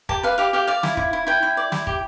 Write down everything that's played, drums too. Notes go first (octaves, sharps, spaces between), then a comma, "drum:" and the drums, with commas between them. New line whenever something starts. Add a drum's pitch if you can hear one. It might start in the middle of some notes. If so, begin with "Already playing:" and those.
G4 A5, drum: kick
B4 F5
G4 F5
G4 F5
D5 F5
E4, drum: snare
E4, drum: kick
E4
E4 G5
E4
D5
E4, drum: snare
G4, drum: kick